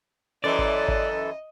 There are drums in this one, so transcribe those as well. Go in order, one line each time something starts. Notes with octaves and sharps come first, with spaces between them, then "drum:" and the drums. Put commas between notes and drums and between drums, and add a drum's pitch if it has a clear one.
F#2 E3 A4 D5 D#5
drum: kick G#1
drum: kick G#1